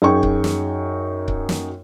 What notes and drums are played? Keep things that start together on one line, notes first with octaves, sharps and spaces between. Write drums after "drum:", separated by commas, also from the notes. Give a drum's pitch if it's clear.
F#2 D#4 G#4 G5 C#6
drum: kick C#1
drum: snare
drum: kick C#1
drum: snare